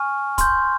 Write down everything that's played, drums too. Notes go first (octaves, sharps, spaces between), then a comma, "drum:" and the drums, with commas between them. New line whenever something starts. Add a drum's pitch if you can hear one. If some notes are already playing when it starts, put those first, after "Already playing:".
Already playing: G#5 C#6 F6
C6 G6, drum: kick, hi-hat